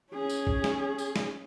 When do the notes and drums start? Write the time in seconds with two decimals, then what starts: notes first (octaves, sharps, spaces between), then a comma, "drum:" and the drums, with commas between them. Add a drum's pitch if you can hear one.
0.12 C#4 G#4
0.29 drum: tambourine
0.47 drum: kick
0.64 drum: snare
0.98 drum: tambourine
1.16 drum: snare